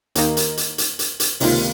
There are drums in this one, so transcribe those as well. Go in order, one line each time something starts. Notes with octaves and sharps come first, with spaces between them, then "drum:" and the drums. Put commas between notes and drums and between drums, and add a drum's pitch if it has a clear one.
D#2 D#3 A#3 D#4, drum: hi-hat
drum: hi-hat
drum: hi-hat
drum: hi-hat
drum: hi-hat
drum: hi-hat
C#2 C3 D#3 A#3 F4, drum: open hi-hat